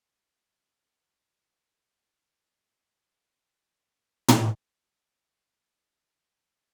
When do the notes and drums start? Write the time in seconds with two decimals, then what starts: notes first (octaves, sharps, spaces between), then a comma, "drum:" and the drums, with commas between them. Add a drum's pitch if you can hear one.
0.18 D4 D#4 A4 C#5 D#5 A6 C#7
1.13 C#4 A#4 C5
2.56 A#2 E3 G#4 E5
4.28 drum: tom
4.71 F#2 D3 D#3 F3 G#3 A#3